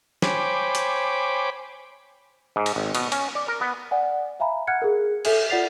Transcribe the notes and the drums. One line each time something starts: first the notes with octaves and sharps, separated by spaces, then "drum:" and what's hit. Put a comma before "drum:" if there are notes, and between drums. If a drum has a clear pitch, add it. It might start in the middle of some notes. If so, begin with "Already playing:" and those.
C5 C#5 G5 G#5 B5 D6, drum: snare
drum: hi-hat
G#2
drum: cymbal
G#1
B2, drum: cymbal
C#4, drum: cymbal
D5
A#4
B3
D5 F#5 G#5
E5 F5 G#5 A#5 B5
F#5 F6 F#6 G#6 C#7
G#4 A#4
A4 E5 G#5, drum: cymbal
F4 D5 F#5 A6 C7 F7